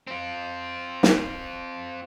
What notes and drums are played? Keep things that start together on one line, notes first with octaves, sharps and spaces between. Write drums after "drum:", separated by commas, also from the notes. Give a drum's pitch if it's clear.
C4 F4
drum: snare